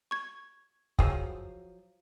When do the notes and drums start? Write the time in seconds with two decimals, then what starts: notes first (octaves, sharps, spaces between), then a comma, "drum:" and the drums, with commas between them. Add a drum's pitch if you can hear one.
0.11 C#6 G#6
0.99 F3 F#3 G#4, drum: kick